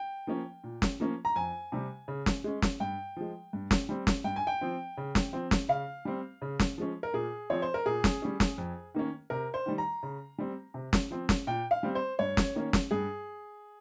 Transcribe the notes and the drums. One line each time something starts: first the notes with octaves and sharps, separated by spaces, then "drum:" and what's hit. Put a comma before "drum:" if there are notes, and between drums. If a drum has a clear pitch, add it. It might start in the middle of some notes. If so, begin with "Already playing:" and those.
Already playing: G5
F3 A#3 C#4
A#2
drum: snare
F3 A#3 C#4
A#5
F2 G#5
C3 G3
C#3
drum: snare
G#3 C#4
drum: snare
G2 G5
F3 G#3
G2
drum: snare
G3 C4
drum: snare
G2 G5
G#5
G5
F3 C4
C#3
drum: snare
F3 C4
drum: snare
C#3 F5
G3 C4
C#3
drum: snare
F3 G#3 C#4
A#4
A#2 G#4
F3 C4 C#5
C5
A#4
A#2 G#4
drum: snare
G3 C#4
drum: snare
F2
D#3 A#3 C#4
C3 A#4
C5
D#3 G3
A#5
C#3
G3 C4
C3
drum: snare
F3 C4
drum: snare
A#2 G5
F5
G3 C4
C5
G2 C#5
drum: snare
D#3 A#3 C#4
drum: snare
G2 G#4